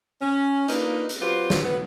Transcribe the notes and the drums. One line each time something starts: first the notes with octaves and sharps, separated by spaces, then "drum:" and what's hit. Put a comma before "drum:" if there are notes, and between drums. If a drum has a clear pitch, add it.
C#4
A#3 D4 D#4 F4 B4, drum: hi-hat
drum: hi-hat
F#3 F4 G4 B4 C5
drum: snare
B3